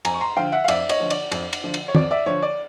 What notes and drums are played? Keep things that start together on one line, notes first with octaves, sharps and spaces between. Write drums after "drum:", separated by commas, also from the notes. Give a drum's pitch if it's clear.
F2 G#5 A#5, drum: cymbal
C#6
A#5 C6
D3 F3 F5 G5
E5 F#5
F5
F2 D5 E5, drum: cymbal
C#5 D#5, drum: cymbal
D3 F3
D5, drum: cymbal
F2, drum: cymbal
drum: cymbal
D3 F3
drum: cymbal
C#5
F2 D5, drum: tom
D5 E5
D3 F3 C#5
D5